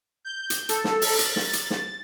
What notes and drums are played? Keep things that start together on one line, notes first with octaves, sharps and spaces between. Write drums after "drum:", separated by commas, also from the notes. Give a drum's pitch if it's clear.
G6
drum: hi-hat
A4, drum: hi-hat
drum: snare
drum: open hi-hat
A6, drum: hi-hat
drum: snare
drum: hi-hat
drum: snare